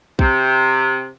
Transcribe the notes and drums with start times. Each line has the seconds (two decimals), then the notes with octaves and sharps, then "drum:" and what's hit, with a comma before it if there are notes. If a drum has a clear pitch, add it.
0.19 C3, drum: kick B1